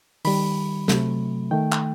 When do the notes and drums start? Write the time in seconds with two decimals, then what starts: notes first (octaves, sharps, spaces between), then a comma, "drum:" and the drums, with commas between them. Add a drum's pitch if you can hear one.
0.25 D#3 G3 B5, drum: open hi-hat
0.88 C3 F#3 A3, drum: snare
1.51 D#3 A3 G5
1.72 drum: clap